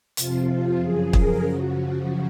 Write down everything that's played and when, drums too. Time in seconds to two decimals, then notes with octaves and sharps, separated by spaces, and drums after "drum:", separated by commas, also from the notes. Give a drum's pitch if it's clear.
0.17 F2 C3 F3 F4, drum: hi-hat
0.81 F#2 C#3 F3 G#4
1.13 A#4, drum: kick
1.45 F#2 C#3 F3 F#4